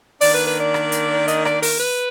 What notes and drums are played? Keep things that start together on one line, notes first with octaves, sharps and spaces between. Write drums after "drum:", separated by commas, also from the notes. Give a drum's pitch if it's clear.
D#3 A#3 D4 D5, drum: open hi-hat
B4
B4
D5
drum: rim click
drum: hi-hat
D#5, drum: hi-hat
D5, drum: rim click
A#4, drum: open hi-hat
B4